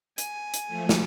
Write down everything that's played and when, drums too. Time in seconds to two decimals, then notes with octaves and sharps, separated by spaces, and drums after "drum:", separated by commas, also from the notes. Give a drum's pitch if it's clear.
0.18 G#5, drum: hi-hat
0.54 drum: hi-hat
0.68 F3 A3
0.89 drum: snare